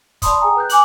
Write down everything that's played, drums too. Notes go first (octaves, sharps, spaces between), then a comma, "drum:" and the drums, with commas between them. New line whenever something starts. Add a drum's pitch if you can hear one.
D5 A5 B5 C6 D#6, drum: kick, hi-hat
G#4 G5 G#5 A#5 D#6
B4 F#6 G6
G#5 D6 F#7, drum: hi-hat